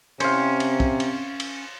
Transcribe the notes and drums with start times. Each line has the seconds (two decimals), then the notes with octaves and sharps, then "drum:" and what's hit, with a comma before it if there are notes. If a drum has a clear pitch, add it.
0.20 C3 C4 C#4 C5 F5, drum: cymbal
0.60 drum: cymbal
0.80 drum: kick
1.00 drum: cymbal
1.40 drum: cymbal